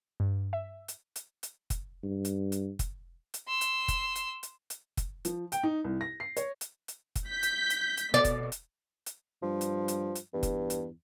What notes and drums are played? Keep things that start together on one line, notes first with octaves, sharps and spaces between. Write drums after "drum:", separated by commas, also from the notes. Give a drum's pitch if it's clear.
G2
E5
drum: hi-hat
drum: hi-hat
drum: hi-hat
drum: kick, hi-hat
G2
drum: hi-hat
drum: hi-hat
drum: kick, hi-hat
drum: hi-hat
C6 E6
drum: hi-hat
drum: kick, hi-hat
drum: hi-hat
drum: hi-hat
drum: hi-hat
drum: kick, hi-hat
F3, drum: hi-hat
G5, drum: hi-hat
D#4
C2
A#6
C7
C#5, drum: hi-hat
drum: hi-hat
drum: hi-hat
drum: kick, hi-hat
G6 B6
drum: hi-hat
drum: hi-hat
drum: hi-hat
B2 D5
drum: kick, hi-hat
drum: hi-hat
drum: hi-hat
G2 F3
drum: hi-hat
drum: hi-hat
drum: hi-hat
E2 G2
drum: kick, hi-hat
drum: hi-hat